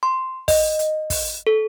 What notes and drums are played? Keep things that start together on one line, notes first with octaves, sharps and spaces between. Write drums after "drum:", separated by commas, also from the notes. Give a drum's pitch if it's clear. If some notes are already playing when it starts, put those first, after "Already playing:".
C6
D#5, drum: kick, open hi-hat
drum: hi-hat
drum: kick, open hi-hat
A4